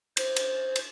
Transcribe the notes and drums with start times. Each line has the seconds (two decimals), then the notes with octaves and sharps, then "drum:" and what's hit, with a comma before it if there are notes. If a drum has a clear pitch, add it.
0.17 C5, drum: cymbal
0.36 drum: cymbal
0.76 drum: cymbal